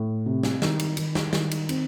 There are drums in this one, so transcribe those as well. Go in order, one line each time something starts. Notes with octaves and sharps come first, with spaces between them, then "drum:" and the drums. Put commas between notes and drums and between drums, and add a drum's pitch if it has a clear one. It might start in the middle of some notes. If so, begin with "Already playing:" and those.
Already playing: A2
C3
drum: snare
D#3, drum: snare
drum: cymbal
D#3, drum: cymbal
drum: snare
D#3, drum: snare
drum: cymbal
C4, drum: cymbal